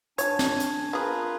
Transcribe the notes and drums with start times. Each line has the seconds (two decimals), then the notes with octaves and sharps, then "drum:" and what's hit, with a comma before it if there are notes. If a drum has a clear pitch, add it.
0.18 D4 F4 C#5 G#5 A5 G#6, drum: hi-hat
0.39 drum: snare
0.60 drum: hi-hat
0.93 B3 F4 G#4 A#4 B4